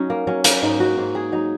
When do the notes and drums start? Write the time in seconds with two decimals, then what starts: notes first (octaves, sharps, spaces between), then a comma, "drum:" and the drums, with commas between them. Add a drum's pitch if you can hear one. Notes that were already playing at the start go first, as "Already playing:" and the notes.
Already playing: F#3 C#4 D#4
0.10 A#3
0.27 F#3 C#4
0.44 A#3, drum: hi-hat
0.62 G#2 D#4
0.80 F#4
0.98 G#2
1.15 G#4
1.32 F#3 D#4